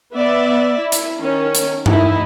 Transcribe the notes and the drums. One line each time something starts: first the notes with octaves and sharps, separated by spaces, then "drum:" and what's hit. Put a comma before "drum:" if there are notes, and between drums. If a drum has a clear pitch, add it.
B3 D5 E5
E4
drum: hi-hat
D#3 C#4
drum: hi-hat
D#4 E4, drum: tom G2